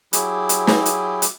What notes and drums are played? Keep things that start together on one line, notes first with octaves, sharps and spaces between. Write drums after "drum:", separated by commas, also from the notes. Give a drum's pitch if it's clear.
F#3 E4 G4 G#4, drum: hi-hat
drum: hi-hat
drum: snare
drum: hi-hat
drum: hi-hat